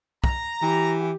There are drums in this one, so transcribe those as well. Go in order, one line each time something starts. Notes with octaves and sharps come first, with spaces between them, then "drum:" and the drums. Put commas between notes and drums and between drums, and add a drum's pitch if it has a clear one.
A#5, drum: kick
E3 G4